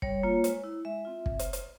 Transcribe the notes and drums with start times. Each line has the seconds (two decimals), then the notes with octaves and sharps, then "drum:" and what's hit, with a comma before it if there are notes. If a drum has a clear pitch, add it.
0.02 G3 C#5, drum: kick
0.23 A#3 F4
0.44 G#3, drum: hi-hat
0.64 E4
0.85 G#3 E5
1.05 C4 F4
1.26 drum: kick
1.39 drum: hi-hat
1.53 drum: hi-hat